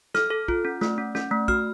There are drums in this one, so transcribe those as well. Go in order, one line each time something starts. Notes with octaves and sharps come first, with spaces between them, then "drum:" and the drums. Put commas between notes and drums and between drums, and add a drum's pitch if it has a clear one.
A4 F6, drum: snare
A4
F4, drum: kick
C#4
A3, drum: snare
C#4
C#4, drum: snare
A3
F#4 F6, drum: kick